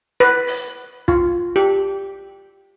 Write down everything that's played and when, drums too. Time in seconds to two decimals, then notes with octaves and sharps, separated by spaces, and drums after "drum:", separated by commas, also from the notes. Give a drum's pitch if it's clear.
0.20 B4
0.47 drum: open hi-hat
1.08 F4, drum: kick
1.56 G4